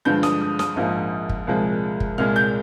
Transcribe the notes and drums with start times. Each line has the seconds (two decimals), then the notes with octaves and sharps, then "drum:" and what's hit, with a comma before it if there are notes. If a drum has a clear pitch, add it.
0.05 G2 D3 F3 G#3 G6
0.23 D#6, drum: snare
0.41 D#6
0.59 D#6, drum: snare
0.76 A#1 G#2 F3 A#3
1.29 drum: kick F#1
1.47 C2 A#2 F3 G#3
2.00 drum: kick F#1
2.18 C2 A#2 G#3 F6
2.36 G6